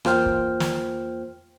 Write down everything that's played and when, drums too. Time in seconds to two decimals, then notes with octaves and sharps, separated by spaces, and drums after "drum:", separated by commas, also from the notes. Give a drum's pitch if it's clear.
0.05 E2 A#3 F4 C5 G5 F6, drum: rim click
0.26 drum: kick
0.60 drum: snare